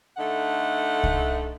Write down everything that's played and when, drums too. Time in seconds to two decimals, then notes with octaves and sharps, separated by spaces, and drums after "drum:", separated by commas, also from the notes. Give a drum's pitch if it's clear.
0.17 D3 A3 D#4 F#5
1.03 drum: kick C2